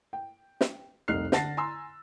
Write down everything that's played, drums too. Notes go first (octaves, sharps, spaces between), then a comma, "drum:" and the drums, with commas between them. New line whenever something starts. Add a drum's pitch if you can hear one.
G5
drum: snare
F1 C2 D#4 F6 F#6 C7
D3 F#5 A5 A6 A#6 C7, drum: snare
G#5 A#5 C6 E6